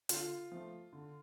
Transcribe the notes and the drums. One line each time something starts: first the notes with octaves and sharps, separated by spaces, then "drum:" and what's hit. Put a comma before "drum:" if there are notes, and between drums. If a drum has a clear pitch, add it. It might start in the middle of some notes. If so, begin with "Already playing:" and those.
D3 F4, drum: hi-hat
F3 A3
D3